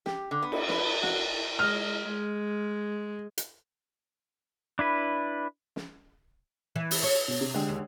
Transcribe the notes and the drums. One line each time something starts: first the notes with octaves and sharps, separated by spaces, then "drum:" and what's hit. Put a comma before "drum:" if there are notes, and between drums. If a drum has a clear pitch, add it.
G4, drum: snare
D3
B3
drum: cymbal
B4, drum: snare
F#4, drum: snare
G#3 D#5 F6
G#3
drum: hi-hat
D4 E4 B4
drum: snare
E3
drum: open hi-hat
C#5
B2
C3
D3 G#3 G4
D#2